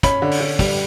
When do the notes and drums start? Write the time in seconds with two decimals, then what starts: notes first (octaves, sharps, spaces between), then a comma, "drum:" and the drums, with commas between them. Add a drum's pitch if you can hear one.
0.03 C#4 B5, drum: kick, hi-hat
0.22 D3
0.31 drum: open hi-hat
0.40 D3
0.59 G3, drum: kick, open hi-hat